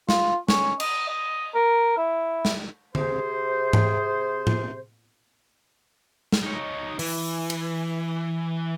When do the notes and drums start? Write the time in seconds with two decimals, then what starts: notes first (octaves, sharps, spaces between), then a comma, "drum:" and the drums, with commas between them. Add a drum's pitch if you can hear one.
0.09 F4, drum: snare
0.48 C#4, drum: snare
0.80 D#5, drum: cymbal
1.09 D#5
1.55 A#4
1.97 E4
2.45 drum: snare
2.95 C3 G#4 C5, drum: tom
3.73 drum: tom G#2
4.47 drum: tom A2
6.32 drum: snare
6.42 D#4 C#5
6.99 E3, drum: open hi-hat
7.50 drum: cymbal